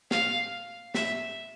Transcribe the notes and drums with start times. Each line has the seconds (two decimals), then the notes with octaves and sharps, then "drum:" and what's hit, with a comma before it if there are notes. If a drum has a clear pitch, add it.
0.11 F5, drum: snare
0.95 E5, drum: snare